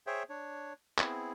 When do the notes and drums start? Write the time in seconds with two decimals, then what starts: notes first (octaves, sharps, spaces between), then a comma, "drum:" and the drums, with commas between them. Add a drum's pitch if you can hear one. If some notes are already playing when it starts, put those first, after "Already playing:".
0.07 G#4 C5 C#5 E5 G5
0.30 D4 C#5
0.99 B3 C4 E4 G#4, drum: clap